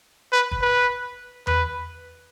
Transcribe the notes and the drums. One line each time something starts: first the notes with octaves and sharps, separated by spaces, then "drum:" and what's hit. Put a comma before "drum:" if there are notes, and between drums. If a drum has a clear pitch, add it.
B4
drum: kick
B4
B4, drum: tom E2